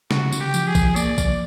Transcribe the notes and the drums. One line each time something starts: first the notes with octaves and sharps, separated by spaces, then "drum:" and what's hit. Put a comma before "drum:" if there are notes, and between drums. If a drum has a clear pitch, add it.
C#3 F#4, drum: snare
C#3, drum: tambourine
G4
F3, drum: tambourine
G#4
F3, drum: kick A#1, tambourine
A#3 D5, drum: tambourine
F3, drum: kick A#1, tambourine